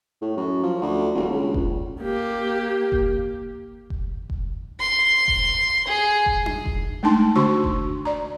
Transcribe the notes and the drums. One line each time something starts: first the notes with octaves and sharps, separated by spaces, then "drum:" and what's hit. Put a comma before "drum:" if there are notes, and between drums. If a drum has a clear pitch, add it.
A2
F#2
F3
D2
D#1
C#2
drum: kick F1
A#3 G4
drum: kick F1
drum: kick F1
drum: kick F1
C6
drum: kick F1
G#4
drum: kick F1
drum: tom D4
drum: kick F1
G#3 A3 D4 D#4 A5 C6
D3 D4 F#4 C6 C#6
drum: kick F1
D5 A#5